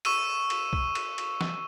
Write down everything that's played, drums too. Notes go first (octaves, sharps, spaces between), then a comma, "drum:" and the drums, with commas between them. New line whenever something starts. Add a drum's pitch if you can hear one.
C#6 E6 D#7, drum: cymbal
drum: cymbal
drum: kick C2
drum: cymbal
drum: cymbal
drum: snare